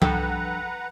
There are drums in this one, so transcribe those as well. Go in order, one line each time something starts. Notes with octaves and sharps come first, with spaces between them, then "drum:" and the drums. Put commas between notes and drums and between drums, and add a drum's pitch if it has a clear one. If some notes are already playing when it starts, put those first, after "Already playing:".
F3 G3 D4 A4 B4 F#5 G5 A#5, drum: tom